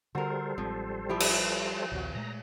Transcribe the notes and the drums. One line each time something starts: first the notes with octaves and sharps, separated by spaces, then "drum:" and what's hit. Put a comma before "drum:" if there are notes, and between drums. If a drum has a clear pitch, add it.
D3 G3 F#4 A4 A#4 C5
A1 F3 G#3 C4
F3 E4 G4
drum: cymbal
A#1 D#2 C4 F#4
A#2 G#3 A3 A#5